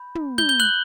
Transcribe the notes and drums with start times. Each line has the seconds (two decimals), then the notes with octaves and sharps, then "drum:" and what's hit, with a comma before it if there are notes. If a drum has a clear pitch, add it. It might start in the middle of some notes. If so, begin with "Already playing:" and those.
Already playing: B5 G6
0.15 drum: tom
0.38 G6 G7, drum: tom
0.49 G6 G7
0.60 F#6 F#7